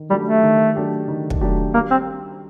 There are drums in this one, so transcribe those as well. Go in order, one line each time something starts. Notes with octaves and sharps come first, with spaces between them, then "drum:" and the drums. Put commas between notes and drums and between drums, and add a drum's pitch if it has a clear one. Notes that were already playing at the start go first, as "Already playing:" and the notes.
Already playing: D#3
F#3 G3 A3 D4 G4
A3
D#3
F#3 A3 D4 G4
D#3
drum: kick
F#3 A3 D4 G4
G3 A#3
C4